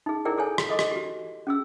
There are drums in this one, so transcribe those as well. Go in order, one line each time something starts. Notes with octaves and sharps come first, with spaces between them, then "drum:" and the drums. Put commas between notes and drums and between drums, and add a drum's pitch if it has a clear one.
D#4 G#4
E4 G#4 A#4 D5 G5
G#4 A4 C#5 G#5
drum: rim click
A4 D#5 D6
drum: rim click
F#4 G4
C#4 G#4 E6